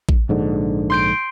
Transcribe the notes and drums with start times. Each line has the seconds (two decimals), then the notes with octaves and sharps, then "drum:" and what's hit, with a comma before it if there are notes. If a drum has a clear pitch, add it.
0.09 drum: kick A1
0.29 A#1 G#2 D3
0.90 C6 G6 D7